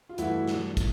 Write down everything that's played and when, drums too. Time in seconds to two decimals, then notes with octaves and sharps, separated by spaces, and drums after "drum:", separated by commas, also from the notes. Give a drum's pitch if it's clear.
0.09 F4
0.18 G2 E3 A3 E4 F#4, drum: hi-hat
0.48 drum: snare
0.77 drum: kick, hi-hat